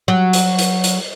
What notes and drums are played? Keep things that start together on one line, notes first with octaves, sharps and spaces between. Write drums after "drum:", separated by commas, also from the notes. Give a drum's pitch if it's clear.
F#3
drum: hi-hat
drum: hi-hat
drum: hi-hat